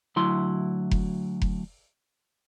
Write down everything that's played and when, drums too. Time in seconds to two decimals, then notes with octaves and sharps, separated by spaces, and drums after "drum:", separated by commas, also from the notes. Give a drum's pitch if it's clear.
0.16 D2 F#3 E4 C6
0.91 drum: kick F1
1.42 drum: kick F1